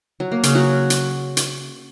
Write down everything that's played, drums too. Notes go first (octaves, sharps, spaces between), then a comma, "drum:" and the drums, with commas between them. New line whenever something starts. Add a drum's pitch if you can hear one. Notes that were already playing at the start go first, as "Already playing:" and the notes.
F#3
A#3
C#3 C#4, drum: hi-hat
F#3 F#4
drum: hi-hat
drum: hi-hat